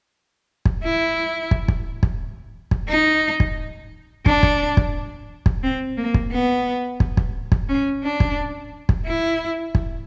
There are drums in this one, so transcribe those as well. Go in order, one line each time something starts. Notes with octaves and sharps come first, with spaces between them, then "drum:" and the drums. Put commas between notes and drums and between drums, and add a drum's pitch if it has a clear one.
drum: kick
E4
drum: kick
drum: kick
drum: kick
drum: kick
D#4
drum: kick
D4, drum: kick
drum: kick
drum: kick
drum: kick
C4
A#3
drum: kick
B3
drum: kick
drum: kick
drum: kick
C#4
D4
drum: kick
drum: kick
E4
drum: kick